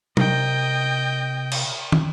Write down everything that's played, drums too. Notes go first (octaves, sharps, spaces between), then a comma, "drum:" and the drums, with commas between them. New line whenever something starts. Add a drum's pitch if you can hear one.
C3 A#4 D#5 G5, drum: tom F#3
drum: cymbal
drum: tom